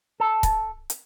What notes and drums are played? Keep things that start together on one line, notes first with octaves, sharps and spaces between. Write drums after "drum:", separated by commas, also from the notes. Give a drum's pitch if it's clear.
A4
drum: kick C#1, hi-hat
drum: hi-hat